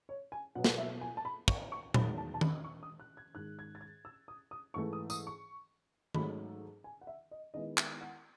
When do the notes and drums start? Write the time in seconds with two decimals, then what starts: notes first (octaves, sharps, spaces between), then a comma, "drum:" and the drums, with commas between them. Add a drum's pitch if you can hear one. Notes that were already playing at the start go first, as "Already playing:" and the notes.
0.09 C#5
0.32 G#5
0.55 B2 F#3 B3 F#5
0.64 drum: snare
0.78 E5
1.01 G#5
1.17 A5
1.25 B5
1.48 C#6, drum: kick
1.72 C#6
1.94 E2 D#3 F#3 B5, drum: tom A#2
2.18 A5
2.34 A5
2.41 B5, drum: tom D#3
2.64 C#6
2.83 D#6
3.00 F#6
3.17 G#6
3.35 G#2 D#3 G#3 F#6
3.59 G#6
3.75 A6
3.81 G#6
4.05 E6
4.28 D#6
4.51 D#6
4.74 G#2 E3 A3 C#6
4.93 D#6
5.10 D#6, drum: tambourine
5.27 C#6
6.14 G#2 F#3 A3 D#4 B5, drum: tom D#3
6.84 G#5
7.01 F#5
7.07 E5
7.31 D#5
7.54 D#3 G#3 B3 E4 D#5
7.78 E5, drum: clap
8.01 F#5